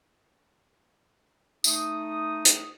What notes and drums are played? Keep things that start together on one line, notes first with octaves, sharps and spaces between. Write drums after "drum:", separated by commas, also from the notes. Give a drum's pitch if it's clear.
A3 D#4 D#6, drum: tambourine
drum: hi-hat